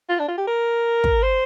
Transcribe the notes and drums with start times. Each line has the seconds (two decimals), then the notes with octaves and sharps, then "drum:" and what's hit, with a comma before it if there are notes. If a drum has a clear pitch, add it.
0.09 F4
0.19 D4
0.28 F4
0.38 G4
0.47 A#4
1.04 drum: kick
1.23 C5